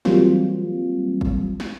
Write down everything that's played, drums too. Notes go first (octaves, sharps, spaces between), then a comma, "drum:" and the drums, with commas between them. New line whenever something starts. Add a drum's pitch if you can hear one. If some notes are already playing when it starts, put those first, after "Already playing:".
E3 F#3 G3 A#3 C4 F4, drum: snare
drum: kick
drum: snare